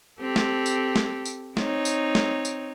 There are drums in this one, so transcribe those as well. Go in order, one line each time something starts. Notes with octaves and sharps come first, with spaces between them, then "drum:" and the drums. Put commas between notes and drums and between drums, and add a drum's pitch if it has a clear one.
C4 G4 A4
drum: snare
drum: tambourine
drum: snare
drum: tambourine
C4 D#4 C#5, drum: snare
drum: tambourine
drum: snare
drum: tambourine